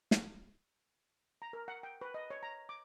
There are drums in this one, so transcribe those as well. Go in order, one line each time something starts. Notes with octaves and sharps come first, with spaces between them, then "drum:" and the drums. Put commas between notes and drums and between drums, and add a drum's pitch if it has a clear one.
drum: snare
A#5
A#4
F#5
G5
B4
D#5
C#5
A#5
D6